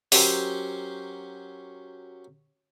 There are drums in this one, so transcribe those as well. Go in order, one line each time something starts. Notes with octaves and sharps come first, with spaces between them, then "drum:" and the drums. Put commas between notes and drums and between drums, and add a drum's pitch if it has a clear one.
F#3 C#4 G4 A#4 C5 E5, drum: open hi-hat